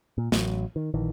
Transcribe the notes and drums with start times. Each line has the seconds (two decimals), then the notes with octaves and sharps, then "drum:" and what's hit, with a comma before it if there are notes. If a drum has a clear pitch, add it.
0.18 A#2
0.32 A1 F#3, drum: snare
0.76 D#3
0.94 A#1 D#3 E3